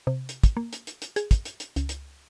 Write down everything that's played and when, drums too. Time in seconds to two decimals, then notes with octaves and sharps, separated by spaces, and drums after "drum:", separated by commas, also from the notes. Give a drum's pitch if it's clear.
0.07 C3
0.29 drum: hi-hat
0.44 drum: kick, hi-hat
0.57 A#3
0.73 drum: hi-hat
0.87 drum: hi-hat
1.02 drum: hi-hat
1.16 G#4, drum: hi-hat
1.31 drum: kick, hi-hat
1.45 drum: hi-hat
1.60 drum: hi-hat
1.76 C#2, drum: hi-hat
1.89 drum: hi-hat